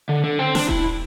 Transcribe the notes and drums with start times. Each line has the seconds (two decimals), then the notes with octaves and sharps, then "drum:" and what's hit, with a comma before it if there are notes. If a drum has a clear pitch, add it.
0.09 D3
0.24 D3
0.39 C4
0.55 D4, drum: snare
0.69 E4, drum: kick D#1